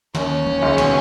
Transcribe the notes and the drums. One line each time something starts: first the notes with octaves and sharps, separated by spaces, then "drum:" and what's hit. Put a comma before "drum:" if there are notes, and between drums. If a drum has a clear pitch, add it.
D#2 D#3 C#4, drum: snare
drum: tom D3
C#2 C#3
B2, drum: snare